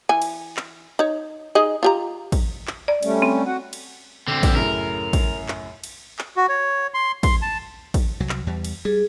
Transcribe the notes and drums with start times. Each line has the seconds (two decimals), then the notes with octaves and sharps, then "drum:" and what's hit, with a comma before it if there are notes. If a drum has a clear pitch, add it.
0.09 E3 G#5
0.22 drum: cymbal
0.57 drum: clap
0.99 D#4 C#5
1.55 D#4 G#4 D#5
1.83 F4 G4 A#5
2.32 drum: kick, cymbal
2.67 drum: clap
2.88 D5
3.03 G3 A3 C#4, drum: cymbal
3.22 C4
3.46 F#4 F#5
3.73 drum: cymbal
4.28 D3 C4
4.43 drum: kick, cymbal
4.55 F#2 A2 C#3 A#4
5.13 drum: kick, cymbal
5.48 drum: clap
5.84 drum: cymbal
6.19 drum: clap
6.37 F#4
6.49 C#5
6.94 C6
7.23 C6, drum: kick, cymbal
7.42 A5
7.94 drum: kick, cymbal
8.20 C2 F#3
8.29 drum: clap
8.47 E2 G3
8.65 drum: cymbal
8.85 G3 G#4